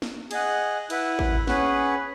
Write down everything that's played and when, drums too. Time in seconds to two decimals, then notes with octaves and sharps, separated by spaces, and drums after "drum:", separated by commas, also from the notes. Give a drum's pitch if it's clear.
0.02 drum: snare
0.31 G#4 D#5 F#5, drum: cymbal
0.90 E4 B4 F#5, drum: cymbal
1.19 drum: kick A1
1.47 C#4 G#4 B4 F#5, drum: snare